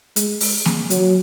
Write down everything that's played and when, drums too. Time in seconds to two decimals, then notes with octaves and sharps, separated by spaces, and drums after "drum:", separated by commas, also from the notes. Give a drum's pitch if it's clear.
0.16 G#3, drum: hi-hat
0.40 drum: open hi-hat
0.65 drum: snare A#3
0.90 F#3, drum: hi-hat